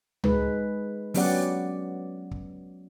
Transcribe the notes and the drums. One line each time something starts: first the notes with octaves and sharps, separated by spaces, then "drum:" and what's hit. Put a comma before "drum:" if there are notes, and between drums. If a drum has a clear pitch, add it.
G#3 D#4 B4, drum: tom C#2
F#3 B3 C#4 G4 D5 F#5, drum: open hi-hat
drum: kick